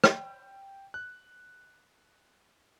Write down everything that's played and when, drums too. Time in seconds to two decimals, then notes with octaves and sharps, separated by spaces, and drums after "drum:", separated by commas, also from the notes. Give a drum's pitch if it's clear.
0.04 G5, drum: rim click
0.94 F#6